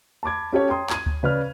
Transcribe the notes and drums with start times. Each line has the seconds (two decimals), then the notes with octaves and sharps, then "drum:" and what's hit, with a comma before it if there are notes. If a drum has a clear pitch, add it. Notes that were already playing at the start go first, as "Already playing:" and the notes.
0.23 A5 B5 D6 G#6
0.53 C#4 G4 A4 C#5
0.69 G5 A#5 C6 D#6
0.90 G#6 D#7, drum: clap
1.06 drum: kick D2
1.23 C#3 B4 D5 F6